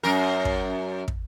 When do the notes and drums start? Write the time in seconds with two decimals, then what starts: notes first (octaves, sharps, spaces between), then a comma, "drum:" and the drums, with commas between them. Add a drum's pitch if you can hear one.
0.03 F#2 A#4
0.45 drum: kick
1.08 drum: kick